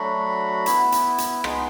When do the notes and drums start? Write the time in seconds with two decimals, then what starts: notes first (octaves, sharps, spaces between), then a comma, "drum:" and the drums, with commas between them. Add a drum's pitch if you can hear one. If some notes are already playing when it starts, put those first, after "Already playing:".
Already playing: F#3 A3 D4 F#4 B5
0.66 B3 E4, drum: hi-hat
0.92 drum: hi-hat
1.18 drum: hi-hat
1.44 G#3 B3 D#4 C6, drum: rim click